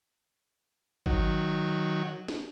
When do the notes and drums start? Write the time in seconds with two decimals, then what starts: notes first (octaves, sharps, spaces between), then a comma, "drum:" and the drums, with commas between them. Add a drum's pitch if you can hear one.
1.06 D#3 F#3, drum: kick G#1
2.28 drum: snare